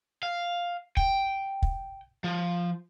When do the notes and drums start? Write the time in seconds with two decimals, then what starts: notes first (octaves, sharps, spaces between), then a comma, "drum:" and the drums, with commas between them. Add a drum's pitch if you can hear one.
0.23 F5
0.97 G5, drum: kick
1.62 drum: kick
2.24 F3